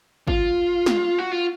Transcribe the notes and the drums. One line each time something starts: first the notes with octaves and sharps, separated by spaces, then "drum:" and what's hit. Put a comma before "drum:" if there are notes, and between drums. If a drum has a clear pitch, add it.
F4, drum: kick G#1
drum: snare
F#4
F4